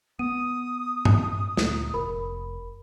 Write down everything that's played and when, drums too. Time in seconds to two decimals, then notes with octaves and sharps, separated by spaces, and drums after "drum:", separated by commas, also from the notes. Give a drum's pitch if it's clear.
0.19 B3 D#6 D#7
1.05 drum: tom G2
1.57 D2 A#2, drum: snare
1.94 F1 A#4 B5